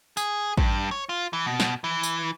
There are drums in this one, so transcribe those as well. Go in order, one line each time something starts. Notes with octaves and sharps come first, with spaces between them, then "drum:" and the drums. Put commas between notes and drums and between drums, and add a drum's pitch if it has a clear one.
G#4, drum: tambourine
G2, drum: kick A1
C#5
F4
E3
B2
drum: snare
E3
drum: tambourine